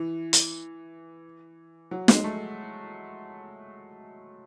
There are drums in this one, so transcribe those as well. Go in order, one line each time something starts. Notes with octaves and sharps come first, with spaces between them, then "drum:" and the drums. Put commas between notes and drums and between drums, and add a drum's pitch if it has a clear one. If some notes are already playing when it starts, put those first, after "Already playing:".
Already playing: E3
drum: hi-hat
F#3
G#3, drum: snare
A3